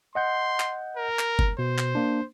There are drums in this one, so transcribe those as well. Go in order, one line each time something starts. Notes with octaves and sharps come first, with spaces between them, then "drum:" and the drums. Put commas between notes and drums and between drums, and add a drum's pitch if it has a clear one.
D#5 F#5 C6 G6
drum: clap
A#4
drum: clap
drum: kick F#1
B2 C5
drum: clap
A#3 D4